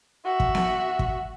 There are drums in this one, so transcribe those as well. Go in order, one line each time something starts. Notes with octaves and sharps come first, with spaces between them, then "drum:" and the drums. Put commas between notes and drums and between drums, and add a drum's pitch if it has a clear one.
F#4 E5
drum: kick
drum: snare B3
drum: kick